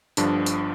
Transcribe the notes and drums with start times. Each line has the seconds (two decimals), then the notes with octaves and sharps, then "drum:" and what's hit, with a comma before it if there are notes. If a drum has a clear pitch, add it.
0.17 G1 G2 D3 F3 D4, drum: hi-hat
0.46 drum: hi-hat